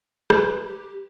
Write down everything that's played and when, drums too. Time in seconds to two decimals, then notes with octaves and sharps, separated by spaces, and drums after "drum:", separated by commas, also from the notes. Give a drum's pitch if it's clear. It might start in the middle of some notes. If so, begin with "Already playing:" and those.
0.30 B4, drum: rim click
0.67 G4